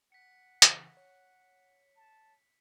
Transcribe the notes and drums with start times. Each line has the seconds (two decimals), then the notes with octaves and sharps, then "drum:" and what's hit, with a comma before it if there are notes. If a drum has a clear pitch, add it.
0.12 F#5 B6 C#7
0.62 C#3 E3, drum: hi-hat
0.97 C#5
1.96 A5